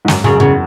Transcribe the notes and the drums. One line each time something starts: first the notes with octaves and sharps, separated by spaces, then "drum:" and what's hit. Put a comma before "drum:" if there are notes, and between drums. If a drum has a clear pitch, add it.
G#2
F#2, drum: snare
F#2 C#3
E2 C#3